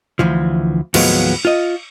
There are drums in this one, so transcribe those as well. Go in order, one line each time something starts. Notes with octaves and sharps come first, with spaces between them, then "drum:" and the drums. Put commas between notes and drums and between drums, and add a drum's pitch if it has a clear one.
D2 E3 F3
D#2 A2 F3 F#3 G#3 B3, drum: cymbal
F4 D#5